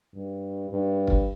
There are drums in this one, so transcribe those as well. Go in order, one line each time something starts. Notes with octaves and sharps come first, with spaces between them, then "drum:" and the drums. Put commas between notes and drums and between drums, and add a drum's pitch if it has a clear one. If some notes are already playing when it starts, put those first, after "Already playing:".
G2
G2
drum: kick